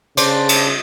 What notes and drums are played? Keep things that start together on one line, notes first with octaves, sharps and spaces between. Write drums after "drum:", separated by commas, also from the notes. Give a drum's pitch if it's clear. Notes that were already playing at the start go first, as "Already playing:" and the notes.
C#3 D4 C5, drum: cymbal
drum: cymbal